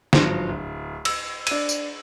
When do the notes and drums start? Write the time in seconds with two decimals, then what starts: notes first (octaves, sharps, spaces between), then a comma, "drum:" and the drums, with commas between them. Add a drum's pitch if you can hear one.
0.13 G1 G#2 F3 F#3 C6, drum: snare
0.49 D1
1.05 E6, drum: cymbal
1.47 D4 D#7, drum: cymbal
1.69 drum: tambourine